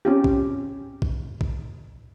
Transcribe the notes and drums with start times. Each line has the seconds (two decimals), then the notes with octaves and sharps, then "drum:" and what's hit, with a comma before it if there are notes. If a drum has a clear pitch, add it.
0.05 C4 C#4 F4 G4
0.24 drum: kick
1.02 drum: kick
1.41 drum: kick